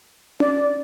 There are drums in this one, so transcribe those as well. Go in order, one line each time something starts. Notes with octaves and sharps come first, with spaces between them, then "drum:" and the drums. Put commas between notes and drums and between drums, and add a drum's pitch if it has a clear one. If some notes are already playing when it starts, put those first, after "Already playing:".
D5, drum: tom C#4